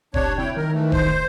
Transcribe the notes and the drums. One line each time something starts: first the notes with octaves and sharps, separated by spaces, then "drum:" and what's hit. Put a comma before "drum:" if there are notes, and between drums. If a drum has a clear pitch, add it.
C3 D4 C#5, drum: kick F1
E4 C#5 G5
D#3 A#4
E3 A3
C5, drum: kick F1